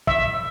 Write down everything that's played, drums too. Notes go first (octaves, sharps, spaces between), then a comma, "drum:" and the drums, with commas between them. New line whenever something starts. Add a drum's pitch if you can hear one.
E5, drum: kick